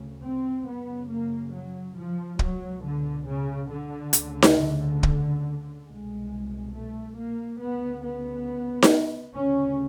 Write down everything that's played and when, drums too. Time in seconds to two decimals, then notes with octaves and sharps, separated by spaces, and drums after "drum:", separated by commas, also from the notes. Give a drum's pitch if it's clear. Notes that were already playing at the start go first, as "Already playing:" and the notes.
Already playing: D2 C#3
0.23 C4
0.66 F#2 C#3 B3
1.09 A#3
1.52 F#3
1.96 F3
2.39 C#2 B2 F#3, drum: kick
2.84 D3
3.26 C#3
3.70 D3
4.13 D2 C#3, drum: hi-hat
4.42 drum: snare D#4
4.57 D3
5.03 drum: kick
5.87 C2 B2 G#3
6.73 A3
7.17 A#3
7.60 D2 C#3 B3
8.03 B3
8.82 drum: snare D#4
9.33 D2 C#3 C#4